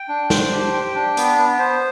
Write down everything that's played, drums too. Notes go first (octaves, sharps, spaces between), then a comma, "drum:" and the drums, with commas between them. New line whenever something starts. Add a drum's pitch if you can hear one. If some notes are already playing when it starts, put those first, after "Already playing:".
Already playing: G5
D4
C5, drum: snare
G4
G5
D4
B3, drum: hi-hat
B3
C5